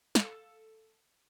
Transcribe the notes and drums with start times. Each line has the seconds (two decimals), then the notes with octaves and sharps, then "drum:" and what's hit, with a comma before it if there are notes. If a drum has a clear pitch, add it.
0.15 A4 F5, drum: snare